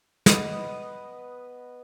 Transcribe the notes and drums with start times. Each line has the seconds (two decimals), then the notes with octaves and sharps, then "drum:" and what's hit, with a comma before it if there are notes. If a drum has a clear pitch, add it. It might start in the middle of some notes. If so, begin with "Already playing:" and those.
0.26 B3 B4 D#5 D#6, drum: snare